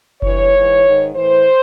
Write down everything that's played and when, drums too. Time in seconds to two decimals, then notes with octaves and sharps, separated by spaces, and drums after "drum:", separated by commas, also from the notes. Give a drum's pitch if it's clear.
0.22 G2 E3 C#5, drum: kick F#1
0.53 G#2 E3
0.84 G#2 D#3
1.15 A2 E3 C5